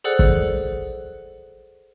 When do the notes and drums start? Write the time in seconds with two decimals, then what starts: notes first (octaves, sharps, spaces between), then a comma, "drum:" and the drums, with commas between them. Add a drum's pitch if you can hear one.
0.04 G#4 A4 C5 D5 F#5 F#6
0.19 drum: kick